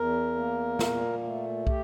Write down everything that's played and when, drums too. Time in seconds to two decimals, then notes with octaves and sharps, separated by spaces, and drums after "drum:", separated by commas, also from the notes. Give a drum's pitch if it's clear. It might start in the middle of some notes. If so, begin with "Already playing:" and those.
Already playing: E2 A#4
0.35 A#3
0.79 A#2, drum: snare
1.23 A3
1.67 G4, drum: kick